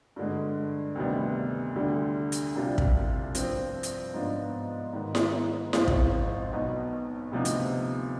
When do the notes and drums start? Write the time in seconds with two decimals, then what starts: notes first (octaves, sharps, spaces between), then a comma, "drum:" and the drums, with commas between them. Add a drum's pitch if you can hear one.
0.16 G2 D3 G#3
0.95 D2 C3 D#3 G3 B3
1.76 D2 D3 G3
2.32 drum: hi-hat
2.55 C2 C3 G3 D4 F4
2.78 drum: kick
3.35 G2 F3 C4, drum: hi-hat
3.83 drum: hi-hat
4.14 G#2 F3 B3 D4 F4
4.93 G#2 D#3 B3
5.15 drum: snare E4
5.73 G#1 G#2 F3 C4 F4, drum: snare E4
5.88 drum: kick
6.52 B1 B2 B3 D#4
7.32 D2 C3 F3 B3 D#4
7.45 drum: hi-hat